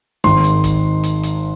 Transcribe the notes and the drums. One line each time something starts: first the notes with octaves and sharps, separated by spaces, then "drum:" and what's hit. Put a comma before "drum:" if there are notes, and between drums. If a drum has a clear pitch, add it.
G#1 G#2 D#3 C6, drum: snare
drum: hi-hat
drum: kick F1, hi-hat
drum: hi-hat
drum: hi-hat